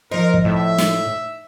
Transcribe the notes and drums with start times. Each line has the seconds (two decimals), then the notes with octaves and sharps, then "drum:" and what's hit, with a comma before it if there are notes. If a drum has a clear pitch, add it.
0.11 F3 D#4 A#4 C5
0.34 drum: kick
0.45 A2 E5
0.78 drum: snare